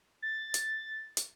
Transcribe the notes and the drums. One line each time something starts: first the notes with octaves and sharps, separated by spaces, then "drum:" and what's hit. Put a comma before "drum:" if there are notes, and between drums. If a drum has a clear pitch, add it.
A6
drum: hi-hat
drum: hi-hat